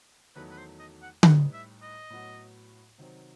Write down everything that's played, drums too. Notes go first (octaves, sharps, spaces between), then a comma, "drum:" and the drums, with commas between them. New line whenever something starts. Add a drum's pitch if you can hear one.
E2 D#3 F#3 A3 B4
B4
C5
D#5
F#5
A2 G3 D#4 G4 B4 F#5, drum: tom D3
E5
D#5
A2 F#3 B3 F#4
C3 D#3 F#3 C4